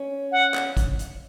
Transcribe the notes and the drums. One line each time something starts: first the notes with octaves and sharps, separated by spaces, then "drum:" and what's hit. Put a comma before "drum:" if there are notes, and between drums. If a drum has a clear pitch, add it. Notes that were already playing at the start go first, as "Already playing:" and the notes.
Already playing: C#4
F#5
drum: clap
drum: kick, hi-hat
drum: hi-hat